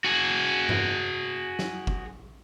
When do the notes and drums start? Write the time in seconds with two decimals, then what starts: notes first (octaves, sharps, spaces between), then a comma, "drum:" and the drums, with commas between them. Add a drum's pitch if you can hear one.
0.04 F#4 G#4
0.69 drum: tom G2
1.59 drum: snare
1.87 drum: kick F#1